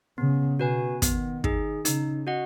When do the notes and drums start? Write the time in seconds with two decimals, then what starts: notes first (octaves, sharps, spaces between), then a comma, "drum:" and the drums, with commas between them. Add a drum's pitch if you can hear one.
0.18 C#3 B3
0.60 B2 F#4 B4 G#5
1.02 D#3 B3, drum: kick, hi-hat
1.44 D#4 G#4, drum: kick
1.85 C#3 D#4, drum: hi-hat
2.27 F#4 D#5 F#5